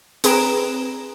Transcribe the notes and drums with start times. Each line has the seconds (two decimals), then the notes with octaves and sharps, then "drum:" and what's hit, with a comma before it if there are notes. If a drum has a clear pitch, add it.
0.24 C4 G#4 B4 A#5 D7 E7, drum: hi-hat